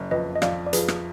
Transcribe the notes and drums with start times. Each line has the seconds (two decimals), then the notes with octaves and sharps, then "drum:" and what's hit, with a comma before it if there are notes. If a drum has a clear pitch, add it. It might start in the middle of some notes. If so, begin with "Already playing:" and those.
Already playing: F#1
0.11 F2 B4 D#5
0.36 D#5
0.42 F2 D5 F5, drum: rim click
0.66 D5
0.73 F3 G#4 B4, drum: hi-hat
0.88 drum: rim click